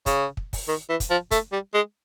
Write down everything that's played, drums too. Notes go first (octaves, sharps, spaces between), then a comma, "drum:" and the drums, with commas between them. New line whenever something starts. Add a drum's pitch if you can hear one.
C#3, drum: kick, hi-hat
drum: kick
drum: kick, open hi-hat
D#3
E3
drum: kick, hi-hat
F3
A3, drum: kick, hi-hat
G3
G#3